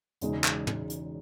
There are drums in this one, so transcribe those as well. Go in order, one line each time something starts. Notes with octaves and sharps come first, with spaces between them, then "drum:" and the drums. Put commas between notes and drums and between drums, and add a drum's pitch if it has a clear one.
E1 E2 C#3 G#3 D#4, drum: hi-hat
drum: clap
drum: tom
drum: hi-hat